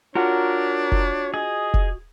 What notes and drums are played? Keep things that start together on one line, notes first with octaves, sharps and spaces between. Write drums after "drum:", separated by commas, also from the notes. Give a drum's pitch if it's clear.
D4 F4 F#4 A#4 C#5 F#5
drum: kick F1
G#4 D#5
drum: kick F1